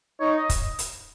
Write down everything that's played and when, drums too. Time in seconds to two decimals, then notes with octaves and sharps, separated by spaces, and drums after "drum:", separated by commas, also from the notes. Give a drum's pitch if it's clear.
0.20 D#4 C#5
0.36 D#5
0.50 drum: kick, hi-hat
0.79 drum: hi-hat